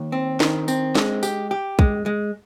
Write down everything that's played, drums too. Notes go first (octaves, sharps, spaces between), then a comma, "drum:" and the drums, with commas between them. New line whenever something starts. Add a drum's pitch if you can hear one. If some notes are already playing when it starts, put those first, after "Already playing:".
Already playing: D#2
C4
D#3, drum: snare
C4, drum: tambourine
G#3, drum: snare
G4, drum: tambourine
G4
G#3, drum: kick
G#3